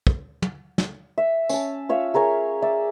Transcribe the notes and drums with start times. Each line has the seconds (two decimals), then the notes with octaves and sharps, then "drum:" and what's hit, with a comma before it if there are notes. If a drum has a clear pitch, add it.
0.07 drum: kick
0.42 drum: tom
0.78 drum: snare
1.18 E5
1.49 C#4 A5, drum: tambourine
1.89 F4 C#5 E5 F5
2.14 G#4 A#4 C#5 G#5
2.62 D5 E5